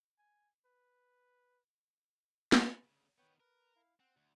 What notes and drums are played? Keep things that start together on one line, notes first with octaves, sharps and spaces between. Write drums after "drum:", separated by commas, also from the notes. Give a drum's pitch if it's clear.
G#5
B4
drum: snare
D2 C#3
D#3 B3 B4 C#5 G5
A#4 B4
E4 F5
C4 F#5
D2